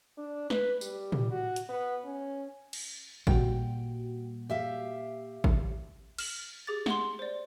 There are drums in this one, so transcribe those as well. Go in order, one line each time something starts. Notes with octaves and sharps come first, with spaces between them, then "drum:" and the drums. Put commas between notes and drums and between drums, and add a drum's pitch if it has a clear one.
D4
B4, drum: snare
G3, drum: tambourine
drum: tom
F#4
drum: hi-hat
B3
C#4
drum: cymbal
A#2 G3 F#4 G5, drum: kick G#1
G4 E5 F5
drum: kick G#1
F6 E7 F#7, drum: cymbal
G4 G#4 D6 A6
F#5 C6, drum: snare
C5 D5